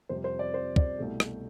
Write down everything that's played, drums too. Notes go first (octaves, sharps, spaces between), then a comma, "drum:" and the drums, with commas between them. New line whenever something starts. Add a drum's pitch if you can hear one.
F2 C3 G3 C5
C5
D5
C5
D5, drum: kick
C2 B2 A3
drum: rim click